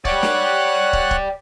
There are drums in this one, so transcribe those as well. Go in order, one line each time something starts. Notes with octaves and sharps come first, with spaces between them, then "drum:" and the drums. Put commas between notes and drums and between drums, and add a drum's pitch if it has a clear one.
C#5 D5 F#5 G5 F#6, drum: kick
drum: snare
drum: kick
drum: kick